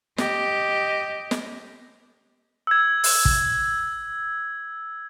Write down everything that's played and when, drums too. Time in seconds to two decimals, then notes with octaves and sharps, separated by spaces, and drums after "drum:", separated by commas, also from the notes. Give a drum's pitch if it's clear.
0.18 G4 D#5, drum: snare
1.31 drum: snare
2.67 E6 G#6
3.04 drum: open hi-hat
3.25 drum: kick